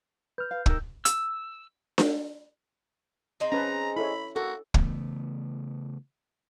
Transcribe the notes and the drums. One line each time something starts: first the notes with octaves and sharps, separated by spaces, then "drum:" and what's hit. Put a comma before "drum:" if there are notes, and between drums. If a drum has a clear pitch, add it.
B4 F6 G6
F5
D#4 G4 A#4 E6, drum: kick
E6, drum: hi-hat
drum: snare D4
C4 D#4 G#4
C#4 B4 A5 A#5
E4 A4 C#5 B5
A#3 F#4 A4
C#3 E3 A3 B3, drum: kick